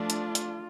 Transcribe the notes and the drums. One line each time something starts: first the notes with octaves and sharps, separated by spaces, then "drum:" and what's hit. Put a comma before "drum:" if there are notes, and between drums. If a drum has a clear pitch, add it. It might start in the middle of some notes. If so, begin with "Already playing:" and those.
Already playing: F3 A3 D4 F4
drum: hi-hat
drum: hi-hat